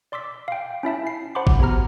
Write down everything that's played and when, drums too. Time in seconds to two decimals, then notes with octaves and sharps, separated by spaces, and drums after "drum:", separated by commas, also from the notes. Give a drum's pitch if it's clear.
0.12 D5 C6 D6 E6 B6
0.48 F5 G5
0.83 C#4 E4 E5 A5
1.03 E4 C7
1.35 C5 F#5 A5 B5 C6 D6
1.47 drum: kick G#1
1.60 B3 F#4 G4 A#5 F6